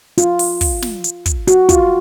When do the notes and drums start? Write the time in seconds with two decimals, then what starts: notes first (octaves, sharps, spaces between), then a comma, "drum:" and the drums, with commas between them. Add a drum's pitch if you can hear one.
0.18 F4, drum: hi-hat
0.39 drum: open hi-hat
0.61 drum: kick, open hi-hat
0.82 drum: snare
1.04 drum: hi-hat
1.26 drum: kick, hi-hat
1.47 F#4, drum: hi-hat
1.69 F4, drum: kick, hi-hat